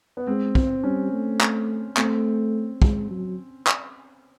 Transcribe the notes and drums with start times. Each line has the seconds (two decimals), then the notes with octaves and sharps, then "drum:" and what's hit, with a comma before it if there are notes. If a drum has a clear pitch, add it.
0.17 B3
0.27 G#3 C4
0.55 C4, drum: kick
0.84 G3 C#4
1.13 A3
1.41 drum: clap
1.97 A3 C4, drum: clap
2.82 G#3, drum: kick
3.11 F#3
3.67 drum: clap